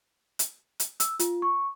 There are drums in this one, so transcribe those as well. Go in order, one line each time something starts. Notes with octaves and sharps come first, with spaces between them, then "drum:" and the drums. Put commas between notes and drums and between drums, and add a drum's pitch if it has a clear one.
drum: hi-hat
drum: hi-hat
E6, drum: hi-hat
F4, drum: hi-hat
C#6